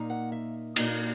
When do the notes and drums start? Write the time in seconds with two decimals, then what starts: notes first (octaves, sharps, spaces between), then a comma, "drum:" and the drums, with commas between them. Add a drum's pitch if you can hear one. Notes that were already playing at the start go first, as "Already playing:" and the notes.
Already playing: A#2 A#3 D#4
0.10 F#5
0.32 E5
0.76 A#2 A#3 D#4 D#5, drum: cymbal